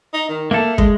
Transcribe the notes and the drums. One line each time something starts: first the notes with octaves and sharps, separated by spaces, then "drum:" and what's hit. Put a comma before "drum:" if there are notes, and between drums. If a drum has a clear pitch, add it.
D#4
D#3
A3 A#3 A4
G#3, drum: kick